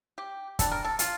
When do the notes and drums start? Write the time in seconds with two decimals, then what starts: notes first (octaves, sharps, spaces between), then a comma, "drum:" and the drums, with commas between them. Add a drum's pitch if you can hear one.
0.18 G4
0.59 G3 D4 A4, drum: kick, hi-hat
0.72 A#4
0.84 A4
0.99 F4, drum: hi-hat